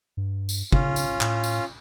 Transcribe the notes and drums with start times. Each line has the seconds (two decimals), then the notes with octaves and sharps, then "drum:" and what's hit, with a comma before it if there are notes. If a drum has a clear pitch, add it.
0.17 G2
0.49 drum: tambourine
0.72 C#3 C#4 F4, drum: kick
0.96 drum: tambourine
1.21 A2, drum: clap
1.44 drum: tambourine